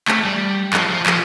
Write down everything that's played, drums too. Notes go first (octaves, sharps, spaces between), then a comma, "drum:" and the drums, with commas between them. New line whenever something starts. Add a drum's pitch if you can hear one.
A3, drum: clap
G3
F3, drum: clap
F3
F3, drum: clap